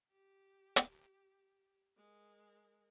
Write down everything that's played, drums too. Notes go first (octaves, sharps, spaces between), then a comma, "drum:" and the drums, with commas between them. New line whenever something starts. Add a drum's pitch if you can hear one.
G4
drum: hi-hat
G#3 A#4